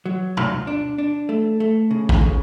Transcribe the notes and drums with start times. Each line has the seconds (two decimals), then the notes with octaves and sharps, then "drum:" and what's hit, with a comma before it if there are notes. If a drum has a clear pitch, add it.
0.06 F#3
0.37 F4, drum: tom B2
0.67 D4
0.98 D4
1.29 A3
1.60 A3
1.91 C#3
2.09 drum: kick A1
2.21 C#3